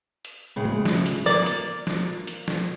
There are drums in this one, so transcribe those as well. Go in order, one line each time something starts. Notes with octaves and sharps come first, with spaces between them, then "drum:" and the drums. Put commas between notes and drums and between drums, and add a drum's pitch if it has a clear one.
drum: hi-hat
A2 C#3 G#3
drum: tom G#3
drum: snare
drum: hi-hat
A#3 D5, drum: snare
drum: hi-hat
drum: snare
drum: hi-hat
drum: snare